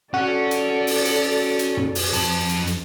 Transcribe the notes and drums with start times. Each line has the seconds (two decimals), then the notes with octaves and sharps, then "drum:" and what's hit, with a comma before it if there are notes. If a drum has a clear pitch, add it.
0.14 C#4 F#4 A4 D5
0.51 drum: hi-hat
0.87 drum: open hi-hat
1.05 drum: hi-hat
1.59 drum: hi-hat
1.77 drum: tom
1.95 drum: open hi-hat
2.13 F2 A5, drum: hi-hat
2.49 drum: hi-hat
2.67 drum: hi-hat